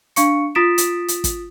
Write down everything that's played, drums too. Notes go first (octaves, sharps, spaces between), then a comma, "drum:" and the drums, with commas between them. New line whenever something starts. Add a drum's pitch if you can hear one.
D4 F5 C#6 C#7, drum: hi-hat
F4 D#6 A6 B6 D7 E7
drum: hi-hat
drum: hi-hat
drum: kick, hi-hat